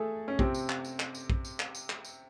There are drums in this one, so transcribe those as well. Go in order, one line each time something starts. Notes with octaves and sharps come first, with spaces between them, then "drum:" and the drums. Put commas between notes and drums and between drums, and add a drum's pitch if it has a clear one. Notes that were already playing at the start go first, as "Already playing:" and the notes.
Already playing: A3 G#4 A4
C#4
C3 C4, drum: kick
drum: tambourine
drum: clap
drum: tambourine
drum: clap
drum: tambourine
drum: kick
drum: tambourine
drum: clap
drum: tambourine
drum: clap
drum: tambourine